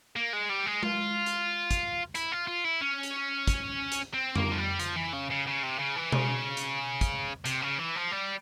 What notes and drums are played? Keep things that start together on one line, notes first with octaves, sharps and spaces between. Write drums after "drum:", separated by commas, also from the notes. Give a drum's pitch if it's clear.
A#3
G#3
G3
G#3
F4, drum: tom G#3
drum: hi-hat
drum: kick, hi-hat
E4, drum: hi-hat
F4
F4
E4
C#4
drum: hi-hat
drum: kick, hi-hat
drum: hi-hat
C4
A#3, drum: tom
F3
G3
F3, drum: hi-hat
E3
C#3
C#3
C#3
C3
C#3
E3
C#3, drum: tom B2
drum: hi-hat
drum: kick, hi-hat
C3, drum: hi-hat
C#3
E3
F3
G3